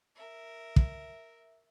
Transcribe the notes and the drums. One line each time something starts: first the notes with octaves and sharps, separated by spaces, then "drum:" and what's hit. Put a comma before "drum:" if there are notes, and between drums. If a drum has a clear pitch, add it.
A#4 E5
drum: kick